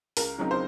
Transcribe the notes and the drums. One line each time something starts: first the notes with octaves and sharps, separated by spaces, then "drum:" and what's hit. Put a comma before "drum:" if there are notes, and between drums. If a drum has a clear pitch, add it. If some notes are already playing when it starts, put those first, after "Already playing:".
C#2 A#4, drum: open hi-hat
C#3 F#3 C4 D#4
C5